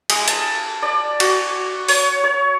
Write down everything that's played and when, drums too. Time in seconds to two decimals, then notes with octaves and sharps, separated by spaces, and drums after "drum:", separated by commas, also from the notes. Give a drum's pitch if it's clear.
0.10 G#3, drum: cymbal
0.28 A5, drum: hi-hat
0.83 D5
1.20 F#4, drum: cymbal
1.88 C#5, drum: open hi-hat
2.24 C#5